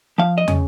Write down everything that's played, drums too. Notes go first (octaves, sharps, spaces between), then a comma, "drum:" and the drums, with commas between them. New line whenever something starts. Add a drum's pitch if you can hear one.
F3 F5
D#5
C#3, drum: tom